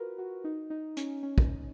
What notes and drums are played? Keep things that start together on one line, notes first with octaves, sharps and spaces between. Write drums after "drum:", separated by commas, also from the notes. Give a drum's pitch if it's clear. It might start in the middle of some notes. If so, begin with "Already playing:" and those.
Already playing: F4 F#4 A#4 B4
F#4
D#4
D#4
C#4, drum: hi-hat
C#4
drum: kick